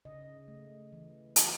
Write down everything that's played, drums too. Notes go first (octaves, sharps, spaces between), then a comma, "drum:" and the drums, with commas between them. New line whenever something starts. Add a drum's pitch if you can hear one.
C#3 D#5
A3
E3
E3, drum: hi-hat